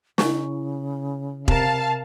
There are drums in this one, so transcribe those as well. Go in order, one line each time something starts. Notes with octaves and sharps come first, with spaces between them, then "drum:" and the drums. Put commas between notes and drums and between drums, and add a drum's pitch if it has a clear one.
C#3 E4 G#5 C#6, drum: snare
C3 A#4 F5 A5, drum: kick E1